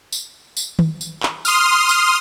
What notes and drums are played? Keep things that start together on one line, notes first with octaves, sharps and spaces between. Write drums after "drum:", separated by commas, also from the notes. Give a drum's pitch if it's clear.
drum: tambourine
drum: tambourine
drum: tom D#3
drum: tambourine
drum: clap
C6 D#6 F6, drum: tambourine
drum: tambourine